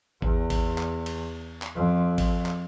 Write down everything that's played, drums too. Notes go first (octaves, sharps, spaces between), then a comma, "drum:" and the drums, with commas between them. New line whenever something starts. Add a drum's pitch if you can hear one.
E2, drum: kick G#1
drum: kick G#1, cymbal
drum: clap
drum: cymbal
drum: clap
F2
drum: kick G#1, cymbal
drum: clap